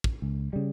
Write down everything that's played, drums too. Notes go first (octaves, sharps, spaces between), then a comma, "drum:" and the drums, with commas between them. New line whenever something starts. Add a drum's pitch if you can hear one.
drum: kick
C#2
C#3 G3